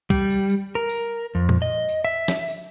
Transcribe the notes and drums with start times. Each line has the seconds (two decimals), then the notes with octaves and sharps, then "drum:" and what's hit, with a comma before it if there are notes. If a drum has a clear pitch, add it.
0.10 G3, drum: kick, tambourine
0.30 drum: tambourine
0.50 drum: tambourine
0.75 A#4
0.89 drum: tambourine
1.35 F2
1.49 drum: tom A#2
1.62 D#5
1.89 drum: tambourine
2.05 E5
2.28 drum: snare
2.48 drum: tambourine